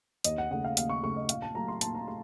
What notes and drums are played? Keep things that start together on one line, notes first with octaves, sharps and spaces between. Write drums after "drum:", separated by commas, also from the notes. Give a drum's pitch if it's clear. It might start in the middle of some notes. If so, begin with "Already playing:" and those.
D#2 D#5, drum: hi-hat
F#5
C#3 A3 F#5
F5
D#2 F5, drum: hi-hat
C#6
C#3 A3 C#6
D#5
A#2 F5, drum: hi-hat
A5
F#3 A3 A#5
C6
A#2 A5, drum: hi-hat
A#5
A3 C6